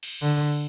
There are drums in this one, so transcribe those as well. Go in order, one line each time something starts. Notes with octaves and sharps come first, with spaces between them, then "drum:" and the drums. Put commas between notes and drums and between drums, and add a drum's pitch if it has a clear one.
drum: cymbal
D3